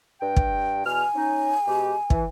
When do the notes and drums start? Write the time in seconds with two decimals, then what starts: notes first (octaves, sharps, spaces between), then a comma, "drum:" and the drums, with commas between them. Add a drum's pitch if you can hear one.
0.21 G2 G5
0.36 drum: kick
0.86 E2 B2 G#5 F6
1.15 C#4 D#4
1.67 B2 G#3 G4
2.10 E3, drum: kick